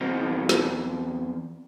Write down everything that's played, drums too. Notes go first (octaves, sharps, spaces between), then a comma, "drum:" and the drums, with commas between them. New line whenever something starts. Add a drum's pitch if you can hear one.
E2 C4 A#4 C5 D#5
drum: snare